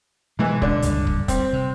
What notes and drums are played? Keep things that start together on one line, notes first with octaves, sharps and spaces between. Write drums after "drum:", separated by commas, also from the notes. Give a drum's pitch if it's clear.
G#2 B2 E3 G#3 B3
D3 D4, drum: kick
C#2 G2 A#2, drum: hi-hat
drum: kick
G3 C4, drum: kick, hi-hat
C3